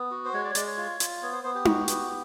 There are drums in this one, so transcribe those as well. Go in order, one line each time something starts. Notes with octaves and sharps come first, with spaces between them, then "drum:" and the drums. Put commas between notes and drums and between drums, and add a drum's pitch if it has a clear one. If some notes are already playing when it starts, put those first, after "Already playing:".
Already playing: B3
F#4
C5
G#3 C#5
D5
C#5
G#3 D5, drum: hi-hat
C#5
F4
F4, drum: hi-hat
B3 C#5
C5
B3 C5
G4
F#4, drum: tom D#4
B3, drum: hi-hat